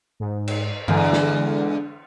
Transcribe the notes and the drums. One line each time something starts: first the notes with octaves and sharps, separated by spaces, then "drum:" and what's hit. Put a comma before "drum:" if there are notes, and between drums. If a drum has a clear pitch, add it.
G#2
drum: cymbal
E2 D3 G#3, drum: tom G2
drum: snare